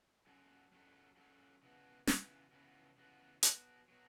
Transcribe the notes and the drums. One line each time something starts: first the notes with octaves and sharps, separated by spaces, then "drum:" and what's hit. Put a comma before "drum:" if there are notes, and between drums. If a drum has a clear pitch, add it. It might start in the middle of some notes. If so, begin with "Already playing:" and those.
F#3 C#4 F#4 A4
F#3 C#4 F#4 A4
F#3 C#4 F#4 A4
C#3 E3 B3 F#4
C#3 E3 B3 F#4, drum: snare
C#3 E3 B3 F#4
C#3 E3 B3 F#4
F#3 B3 F#4, drum: hi-hat
F#3 B3 F#4